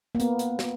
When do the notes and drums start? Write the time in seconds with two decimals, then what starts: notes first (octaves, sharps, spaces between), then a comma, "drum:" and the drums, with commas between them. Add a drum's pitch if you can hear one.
0.15 A#3
0.20 B3, drum: hi-hat
0.39 drum: hi-hat
0.59 drum: snare